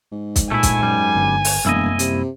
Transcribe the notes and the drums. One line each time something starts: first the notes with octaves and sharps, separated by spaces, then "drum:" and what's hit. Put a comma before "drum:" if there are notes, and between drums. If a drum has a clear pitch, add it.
G#2
drum: kick, hi-hat
A#2 A3 E4 G#5
drum: kick, hi-hat
F#2 G3
G1
drum: open hi-hat
E1 C2 F#2 A#3 E4 D#5
C3, drum: hi-hat